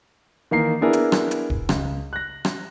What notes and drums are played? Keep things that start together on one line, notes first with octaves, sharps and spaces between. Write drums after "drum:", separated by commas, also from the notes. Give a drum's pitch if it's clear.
D#3 E3 A#3 A#5 C7
B3 D4 E4 G#4 A#4
drum: hi-hat
drum: rim click
drum: hi-hat
drum: kick
C#2, drum: rim click
F#6 A#6
drum: rim click